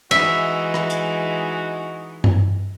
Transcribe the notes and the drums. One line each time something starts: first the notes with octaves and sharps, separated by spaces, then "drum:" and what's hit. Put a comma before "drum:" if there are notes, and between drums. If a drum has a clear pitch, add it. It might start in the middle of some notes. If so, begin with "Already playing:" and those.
E3 G#3 D#4 F#4 E5, drum: cymbal
drum: rim click
drum: hi-hat
drum: tom G2